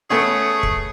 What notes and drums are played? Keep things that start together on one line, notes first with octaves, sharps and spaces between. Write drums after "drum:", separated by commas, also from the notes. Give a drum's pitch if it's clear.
A3 B3 C#4 G#4
drum: kick